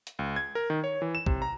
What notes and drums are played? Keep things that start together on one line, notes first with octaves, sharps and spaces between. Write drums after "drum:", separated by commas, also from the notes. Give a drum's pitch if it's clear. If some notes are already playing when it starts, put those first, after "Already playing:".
drum: hi-hat
C#2
G#6
A#4
D#3
C#5
E3
E7
C3, drum: kick
A#5